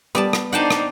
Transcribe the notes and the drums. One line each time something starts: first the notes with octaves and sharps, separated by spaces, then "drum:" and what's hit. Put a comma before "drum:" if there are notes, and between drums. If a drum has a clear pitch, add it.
G3 B3 D5 A5
drum: rim click
D4 D#4 C5 D5 F#5 G5 A5
drum: rim click